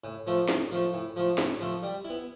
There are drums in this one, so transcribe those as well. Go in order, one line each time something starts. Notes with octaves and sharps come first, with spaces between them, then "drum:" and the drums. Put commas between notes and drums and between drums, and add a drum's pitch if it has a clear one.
A2
F3 A3
A2, drum: snare
F3 A3
A2
F3 A3
A2, drum: snare
F3 A3
G3
E4
B3